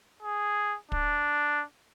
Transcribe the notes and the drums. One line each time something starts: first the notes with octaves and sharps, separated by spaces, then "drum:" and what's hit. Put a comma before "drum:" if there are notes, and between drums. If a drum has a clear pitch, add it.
G#4
D4, drum: kick